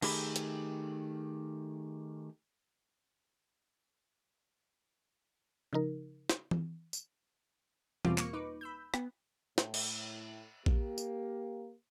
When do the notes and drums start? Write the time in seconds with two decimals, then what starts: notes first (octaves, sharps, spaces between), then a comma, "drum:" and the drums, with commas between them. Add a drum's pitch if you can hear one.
0.02 D#3 A3 G4 G#4 B5, drum: cymbal
0.36 drum: hi-hat
5.73 C#3 F3 D#4 A#4
6.29 drum: snare
6.51 drum: tom E3
6.93 drum: tambourine
8.05 E2 B2 G3 C4 F4 D6, drum: tom E3
8.18 A#3 C#6 C#7, drum: clap
8.33 D#4 B4 D6
8.61 B5 E6 G6
8.94 B3, drum: rim click
9.58 A2, drum: snare
9.74 drum: cymbal
10.66 A#3 G4, drum: kick A#1
10.98 drum: tambourine